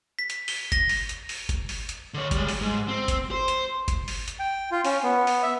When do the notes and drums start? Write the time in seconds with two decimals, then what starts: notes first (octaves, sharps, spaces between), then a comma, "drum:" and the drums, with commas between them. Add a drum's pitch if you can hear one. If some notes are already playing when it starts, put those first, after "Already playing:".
0.19 B6
0.30 drum: hi-hat
0.48 G7, drum: open hi-hat
0.72 A#6, drum: kick G1, hi-hat
0.89 drum: open hi-hat
1.09 drum: hi-hat
1.29 drum: open hi-hat
1.49 drum: kick G1, hi-hat
1.69 drum: open hi-hat
1.89 drum: hi-hat
2.14 D3 C#5
2.31 G3 G#3, drum: kick G1, hi-hat
2.49 drum: open hi-hat
2.61 G#2
2.88 C4
3.08 drum: kick G1, hi-hat
3.31 C5
3.48 drum: hi-hat
3.88 drum: kick G1, hi-hat
4.08 drum: open hi-hat
4.28 drum: hi-hat
4.39 G5
4.71 F4
4.85 C#4, drum: open hi-hat
5.03 B3
5.27 drum: open hi-hat
5.43 E5